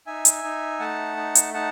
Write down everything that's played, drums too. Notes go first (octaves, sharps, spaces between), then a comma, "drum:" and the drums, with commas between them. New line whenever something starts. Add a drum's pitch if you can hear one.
D#4 E5 G#5
drum: hi-hat
D#4
A3 F#5 A5
D#4
drum: hi-hat
D#4 F#5 A5